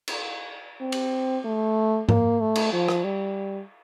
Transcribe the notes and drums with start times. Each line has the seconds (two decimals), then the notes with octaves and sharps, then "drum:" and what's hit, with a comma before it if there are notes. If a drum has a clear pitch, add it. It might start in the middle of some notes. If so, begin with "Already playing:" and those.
0.08 drum: cymbal
0.81 C4
0.92 drum: cymbal
1.45 A3
2.09 A#3, drum: tom G#2
2.40 A3
2.55 drum: cymbal
2.73 F3
2.88 drum: rim click
3.04 G3